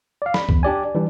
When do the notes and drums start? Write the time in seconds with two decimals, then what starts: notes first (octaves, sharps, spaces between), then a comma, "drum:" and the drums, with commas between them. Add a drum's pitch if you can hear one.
0.22 D5 F5
0.34 B5, drum: snare
0.49 E2, drum: kick C#2
0.63 D4 G4 D5 G#5
0.95 E3 G3 D4